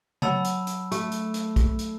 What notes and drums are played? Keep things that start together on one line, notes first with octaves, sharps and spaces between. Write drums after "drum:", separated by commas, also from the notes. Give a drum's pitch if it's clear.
F#3 C#5 F#5 A5 B5 E6, drum: tom C#3
drum: hi-hat
drum: hi-hat
A3, drum: hi-hat
drum: hi-hat
drum: hi-hat
drum: kick, hi-hat
drum: hi-hat